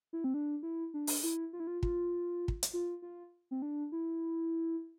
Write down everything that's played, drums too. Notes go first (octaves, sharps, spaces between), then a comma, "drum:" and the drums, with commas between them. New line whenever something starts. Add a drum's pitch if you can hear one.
E4
C4
D4
E4
D4
drum: open hi-hat
E4
F4
E4
F4
F4, drum: kick
drum: kick
drum: hi-hat
F4
F4
C4
D4
E4